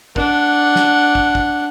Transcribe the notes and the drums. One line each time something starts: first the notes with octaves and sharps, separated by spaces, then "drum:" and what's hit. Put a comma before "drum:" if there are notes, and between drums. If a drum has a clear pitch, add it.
D4 F#5, drum: kick
drum: snare
drum: kick
drum: kick